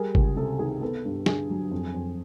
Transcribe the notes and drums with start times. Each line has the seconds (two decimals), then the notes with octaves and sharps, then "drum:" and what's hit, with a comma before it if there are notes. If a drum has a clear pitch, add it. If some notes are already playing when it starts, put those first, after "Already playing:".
Already playing: G3 G#4 A#4
0.15 C#2, drum: kick G1
0.37 C3 A4
0.59 D#3 G#4
0.82 B3 A4
1.05 G2
1.26 D3 G#4, drum: snare
1.50 F#3
1.71 F2
1.94 F2